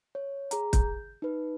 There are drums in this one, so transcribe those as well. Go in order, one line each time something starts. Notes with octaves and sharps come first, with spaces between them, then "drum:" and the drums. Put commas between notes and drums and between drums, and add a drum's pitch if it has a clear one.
C#5
G#4 A#5, drum: hi-hat
G6, drum: kick, hi-hat
D#4 B4